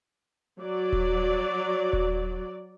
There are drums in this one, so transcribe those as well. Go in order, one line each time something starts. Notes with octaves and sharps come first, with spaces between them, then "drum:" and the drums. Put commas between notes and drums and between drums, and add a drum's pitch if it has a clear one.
F#3 D5
drum: kick D#1
drum: kick D#1